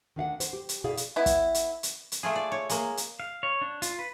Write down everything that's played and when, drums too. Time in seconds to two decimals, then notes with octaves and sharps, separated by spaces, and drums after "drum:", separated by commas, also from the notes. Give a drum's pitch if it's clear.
0.16 D#3 D4 F5 F#5
0.40 C5, drum: hi-hat
0.53 G4
0.69 drum: hi-hat
0.84 B2 E4 G#4 D5 F5
0.97 drum: hi-hat
1.16 B3 E4
1.26 drum: kick, hi-hat
1.54 drum: hi-hat
1.83 drum: hi-hat
2.12 drum: hi-hat
2.23 A3 F4 G#4
2.36 D5
2.52 C#5
2.69 G#3 A#3, drum: hi-hat
2.97 drum: hi-hat
3.20 F5
3.43 C#5
3.61 D4
3.82 F4, drum: hi-hat
3.99 B4